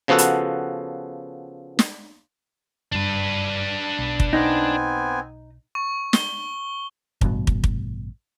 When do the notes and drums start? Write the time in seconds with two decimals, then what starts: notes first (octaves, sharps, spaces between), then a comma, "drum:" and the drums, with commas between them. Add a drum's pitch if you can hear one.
0.08 C#3 F3 B3 F#4 A4 F#5
0.18 drum: hi-hat
1.79 drum: snare
2.92 F#1 G2 D4 B4
3.99 B1
4.20 drum: kick
4.33 B3 C4 D#4 G#5
5.75 C#6
6.13 G7, drum: snare
7.21 A1 G2 B2, drum: kick
7.47 drum: kick
7.64 drum: kick